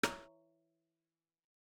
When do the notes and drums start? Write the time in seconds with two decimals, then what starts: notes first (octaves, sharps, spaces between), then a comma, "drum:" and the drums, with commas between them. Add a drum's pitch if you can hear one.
0.03 E3 C#5 A#5, drum: rim click